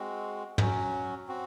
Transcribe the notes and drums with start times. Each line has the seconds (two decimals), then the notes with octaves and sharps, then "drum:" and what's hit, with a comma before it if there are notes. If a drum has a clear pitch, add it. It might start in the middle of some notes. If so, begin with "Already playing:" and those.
Already playing: G#3 C4 F#4
0.58 F#3 C#4 F#4, drum: tom
1.28 C4 F#4